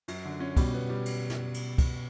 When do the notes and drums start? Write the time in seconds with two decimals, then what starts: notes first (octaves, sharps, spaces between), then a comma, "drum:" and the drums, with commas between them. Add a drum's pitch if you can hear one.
0.08 F#2, drum: cymbal
0.25 D3
0.40 C#4
0.57 B2 G3, drum: kick, cymbal
0.74 B3
0.89 G3
1.06 drum: cymbal
1.30 drum: snare
1.54 drum: cymbal
1.78 drum: kick, cymbal